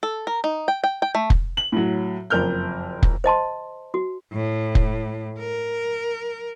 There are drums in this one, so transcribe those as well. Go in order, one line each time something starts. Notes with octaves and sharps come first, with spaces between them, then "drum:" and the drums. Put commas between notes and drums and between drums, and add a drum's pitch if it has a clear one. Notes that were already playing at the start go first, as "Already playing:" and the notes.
A4
A#4
D#4
G5
G5
G5
A3
drum: kick
F#7
A2 F#3
F#1 F2 A#4 F6 G6
drum: kick
C5 D#5 A5 C6
F#4
A2
drum: kick
A#4